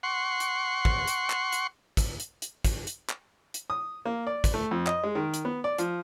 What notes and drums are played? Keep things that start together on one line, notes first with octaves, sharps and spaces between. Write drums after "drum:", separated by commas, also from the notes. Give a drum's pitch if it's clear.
F#5 C6 C#6
drum: hi-hat
drum: kick
drum: hi-hat
drum: clap
drum: hi-hat
drum: kick, hi-hat
drum: hi-hat
drum: hi-hat
drum: kick, hi-hat
drum: hi-hat
drum: clap
drum: hi-hat
D#6
A#3
D5
drum: kick, hi-hat
A3
F2
D#5, drum: clap
G#3
D#3
drum: hi-hat
B3
D5
F3, drum: hi-hat